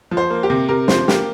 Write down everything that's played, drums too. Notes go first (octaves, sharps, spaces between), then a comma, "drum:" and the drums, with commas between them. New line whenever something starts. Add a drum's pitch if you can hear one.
F3
C5
A#3
G4
C3
C3 A#4
F3 C5, drum: snare
A#3 G4, drum: snare